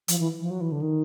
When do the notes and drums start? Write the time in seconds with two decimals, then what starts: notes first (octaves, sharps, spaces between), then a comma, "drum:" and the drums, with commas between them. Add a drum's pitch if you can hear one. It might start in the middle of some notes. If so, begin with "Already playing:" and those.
0.08 F3, drum: hi-hat
0.20 E3
0.41 F3
0.51 F#3
0.61 E3
0.72 D3
0.81 D#3